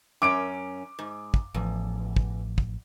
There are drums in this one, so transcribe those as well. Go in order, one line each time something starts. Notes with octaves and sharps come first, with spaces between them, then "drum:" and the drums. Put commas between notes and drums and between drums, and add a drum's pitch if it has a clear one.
F#2 C#4 D6 D7
G#2
drum: kick
A1 E2 F3
drum: kick
drum: kick